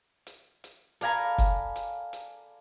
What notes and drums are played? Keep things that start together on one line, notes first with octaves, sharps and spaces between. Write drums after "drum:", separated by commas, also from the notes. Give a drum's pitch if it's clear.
drum: hi-hat
drum: hi-hat
A4 D5 F5 G#5 A#5 B5, drum: hi-hat
drum: kick F#1, hi-hat
drum: hi-hat
drum: hi-hat